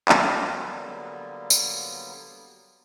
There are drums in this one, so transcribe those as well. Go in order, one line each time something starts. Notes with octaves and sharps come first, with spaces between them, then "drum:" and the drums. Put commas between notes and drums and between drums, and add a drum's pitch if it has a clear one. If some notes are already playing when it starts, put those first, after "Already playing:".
D3 F#3 G3 A#3 B3, drum: clap
drum: tambourine